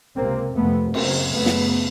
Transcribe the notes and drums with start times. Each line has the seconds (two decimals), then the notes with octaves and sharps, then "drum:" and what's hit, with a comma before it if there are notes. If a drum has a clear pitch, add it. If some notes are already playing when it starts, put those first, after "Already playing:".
0.15 C#2 C3 A#3 C4
0.55 F2 C3 A3 B3
0.94 F#2 C#3 A#3 C4, drum: cymbal
1.33 F#2 C#3 A3 B3
1.46 drum: snare